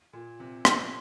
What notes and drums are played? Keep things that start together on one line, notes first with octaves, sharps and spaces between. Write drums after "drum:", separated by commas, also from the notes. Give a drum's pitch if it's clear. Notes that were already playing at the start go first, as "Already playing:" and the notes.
A#2
C3
drum: rim click